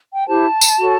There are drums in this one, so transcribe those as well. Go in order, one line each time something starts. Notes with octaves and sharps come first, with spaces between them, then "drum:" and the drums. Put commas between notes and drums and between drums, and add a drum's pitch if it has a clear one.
G5
E4 G4 C5 A5
drum: tambourine
F#4 A4 C#5